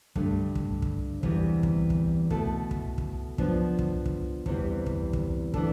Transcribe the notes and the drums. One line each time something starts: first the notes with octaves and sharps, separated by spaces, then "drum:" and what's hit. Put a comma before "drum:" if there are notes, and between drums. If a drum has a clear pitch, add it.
G2 D3 A3, drum: kick
drum: kick
drum: kick
E2 C3 E3 G3, drum: kick
drum: kick
drum: kick
B2 A3 E4 A4, drum: kick
drum: kick
drum: kick
F3 B3 D4, drum: kick
drum: kick
drum: kick
E2 C3 E3 G3 C4, drum: kick
drum: kick
drum: kick
E3 B3 D4 A4, drum: kick